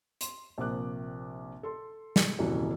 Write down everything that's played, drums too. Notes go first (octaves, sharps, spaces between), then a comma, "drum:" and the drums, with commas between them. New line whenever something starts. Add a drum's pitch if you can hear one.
C6, drum: hi-hat
A#1 C3 A#3 C4 D6 F#6
A4 C6
drum: snare
D#1 F#2 C3 E3 F#4